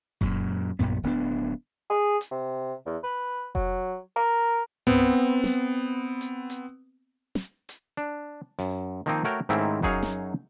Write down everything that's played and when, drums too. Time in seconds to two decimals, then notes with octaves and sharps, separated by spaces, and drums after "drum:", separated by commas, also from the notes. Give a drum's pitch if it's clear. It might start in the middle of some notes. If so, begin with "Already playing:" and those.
0.21 F#2 A#2, drum: kick F1
0.79 A#1 F#2 A#2 B3
1.03 D1 B3 D4
1.90 G#4
2.21 drum: hi-hat
2.31 C3
2.86 E2
3.04 B4
3.55 F#3, drum: kick F1
4.16 A#4
4.87 B3 C4, drum: tom G2
5.44 drum: snare
6.21 drum: hi-hat
6.50 drum: hi-hat
7.35 drum: snare
7.69 drum: hi-hat
7.97 D4
8.59 F#2, drum: open hi-hat
9.06 D#3 F3 A#3 C4 D#4
9.24 A3 F#4 A#4 C#5 G5
9.49 G#2 D#3 A3 C4 C#4 E4
9.82 F#2 F#3 D#4 G#4 C#5 F5, drum: kick F1
10.03 drum: snare